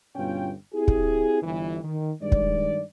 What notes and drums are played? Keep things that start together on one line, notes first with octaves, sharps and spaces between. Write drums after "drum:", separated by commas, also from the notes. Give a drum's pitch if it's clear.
G1 G2 B2 C#4 F4 G5
C4 E4 G4 G#4
drum: kick
G1 E3
D#3
G2 D#3 G#3 D5
drum: kick